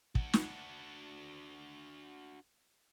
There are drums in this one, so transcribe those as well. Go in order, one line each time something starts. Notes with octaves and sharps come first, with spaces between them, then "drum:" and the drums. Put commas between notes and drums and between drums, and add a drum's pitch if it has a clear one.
D4 F#4, drum: kick
drum: snare